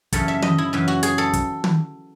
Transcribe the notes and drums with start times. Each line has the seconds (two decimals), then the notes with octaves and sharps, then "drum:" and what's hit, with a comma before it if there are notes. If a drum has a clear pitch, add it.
0.13 F#2 C#3 E3 A4, drum: kick, hi-hat
0.28 E5
0.42 D#5, drum: tom
0.58 E4
0.73 F#2 C#3 E3
0.88 F#4
1.03 G#4, drum: hi-hat
1.18 A4
1.33 drum: kick, hi-hat
1.64 drum: tom